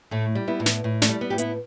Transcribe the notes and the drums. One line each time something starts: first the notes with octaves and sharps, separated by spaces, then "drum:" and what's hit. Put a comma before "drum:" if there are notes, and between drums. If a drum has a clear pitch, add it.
A2 A3
G3
B3 E4
A2
B3, drum: snare
A2
A3 D4, drum: snare
G3
B3
A2 G4
B3 E4, drum: hi-hat